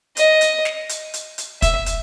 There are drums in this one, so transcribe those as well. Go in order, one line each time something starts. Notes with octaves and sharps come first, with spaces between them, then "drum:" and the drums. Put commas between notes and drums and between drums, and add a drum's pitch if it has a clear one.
D#5, drum: hi-hat
drum: hi-hat
drum: snare
drum: hi-hat
drum: hi-hat
drum: hi-hat
E5, drum: kick, hi-hat
drum: hi-hat